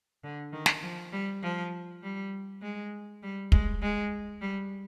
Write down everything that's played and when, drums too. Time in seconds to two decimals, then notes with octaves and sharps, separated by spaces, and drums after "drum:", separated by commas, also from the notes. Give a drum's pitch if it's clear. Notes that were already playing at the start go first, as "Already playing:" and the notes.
0.24 D3
0.53 D#3
0.66 drum: snare
0.82 F3
1.12 G3
1.43 F3
2.03 G3
2.62 G#3
3.23 G3
3.52 G#3, drum: kick
3.82 G#3
4.41 G3